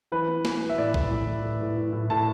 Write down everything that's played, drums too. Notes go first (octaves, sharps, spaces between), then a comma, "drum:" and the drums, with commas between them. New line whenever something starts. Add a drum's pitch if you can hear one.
E3 B4
B3
B3, drum: snare
B3
E5
A2 D5
A2, drum: kick B1
A2
A2
A2
A2
A2
A2
A2 A5